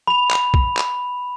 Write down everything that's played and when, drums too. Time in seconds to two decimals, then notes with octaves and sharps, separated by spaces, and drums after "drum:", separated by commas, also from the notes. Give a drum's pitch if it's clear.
0.07 B5 F7
0.31 drum: clap
0.54 drum: kick B1
0.77 drum: clap